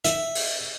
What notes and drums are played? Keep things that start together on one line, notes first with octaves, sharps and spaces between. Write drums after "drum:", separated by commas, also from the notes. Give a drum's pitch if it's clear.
E5, drum: hi-hat
drum: open hi-hat